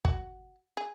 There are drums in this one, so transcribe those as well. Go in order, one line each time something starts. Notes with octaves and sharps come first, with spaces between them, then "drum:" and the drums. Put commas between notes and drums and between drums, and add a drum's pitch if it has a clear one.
F#4, drum: kick
G#4